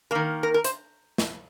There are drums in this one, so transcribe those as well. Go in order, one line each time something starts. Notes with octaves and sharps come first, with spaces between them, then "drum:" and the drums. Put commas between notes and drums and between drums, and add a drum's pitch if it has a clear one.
D#3 A#3 A#4
A#4
A#4
C5, drum: hi-hat
drum: snare